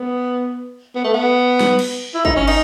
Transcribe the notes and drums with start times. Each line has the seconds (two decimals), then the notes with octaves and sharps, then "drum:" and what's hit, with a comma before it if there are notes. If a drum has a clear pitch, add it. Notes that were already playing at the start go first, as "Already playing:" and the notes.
Already playing: B3
0.95 B3
1.04 A3
1.14 B3
1.61 drum: snare
1.79 drum: cymbal
2.14 E4
2.25 D#4, drum: kick
2.36 C#4
2.47 D#4, drum: cymbal